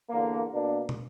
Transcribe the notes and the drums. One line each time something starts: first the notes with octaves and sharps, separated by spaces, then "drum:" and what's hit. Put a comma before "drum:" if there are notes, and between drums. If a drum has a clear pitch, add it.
E2 D3 A#3
B2 A#3 D4
drum: tom